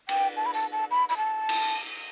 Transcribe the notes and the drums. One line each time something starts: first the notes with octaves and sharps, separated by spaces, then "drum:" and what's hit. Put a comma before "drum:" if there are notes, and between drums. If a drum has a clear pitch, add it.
G5, drum: cymbal
A5
B5
A5, drum: tambourine
A5
B5
B5, drum: tambourine
A5
drum: cymbal